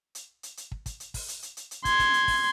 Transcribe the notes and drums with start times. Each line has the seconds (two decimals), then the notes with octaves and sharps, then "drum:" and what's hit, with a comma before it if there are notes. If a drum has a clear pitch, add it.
0.15 drum: hi-hat
0.43 drum: hi-hat
0.57 drum: hi-hat
0.72 drum: kick
0.86 drum: kick, hi-hat
1.00 drum: hi-hat
1.14 drum: kick, open hi-hat
1.28 drum: hi-hat
1.43 drum: hi-hat
1.57 drum: hi-hat
1.71 drum: hi-hat
1.85 C6 G#6, drum: kick, hi-hat
1.99 drum: kick, hi-hat
2.13 drum: hi-hat
2.28 drum: kick, open hi-hat